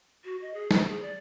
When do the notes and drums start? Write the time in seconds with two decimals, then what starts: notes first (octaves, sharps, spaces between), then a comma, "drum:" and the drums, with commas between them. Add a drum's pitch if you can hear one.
0.24 F#4
0.42 D#5
0.54 G#4
0.71 C5, drum: snare
0.88 G#4
1.02 D5